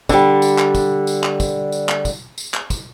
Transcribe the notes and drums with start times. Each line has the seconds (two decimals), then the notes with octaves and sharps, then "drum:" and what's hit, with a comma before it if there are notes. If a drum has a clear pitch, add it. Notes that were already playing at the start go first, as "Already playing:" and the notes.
0.09 D3 G3, drum: kick, tambourine
0.42 drum: tambourine
0.58 drum: clap
0.75 drum: kick, tambourine
1.07 drum: tambourine
1.24 drum: clap
1.40 drum: kick, tambourine
1.72 drum: tambourine
1.89 drum: clap
2.05 drum: kick, tambourine
2.38 drum: tambourine
2.54 drum: clap
2.70 drum: kick, tambourine